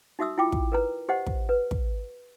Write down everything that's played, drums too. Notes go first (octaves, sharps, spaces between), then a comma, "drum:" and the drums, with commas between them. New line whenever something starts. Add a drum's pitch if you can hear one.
D#4 F#4 E5 D#6 E6
E4 F4 G5 D6
drum: kick
A#4 B4 A#5
G4 C5 D#5 F#5
drum: kick
B4
drum: kick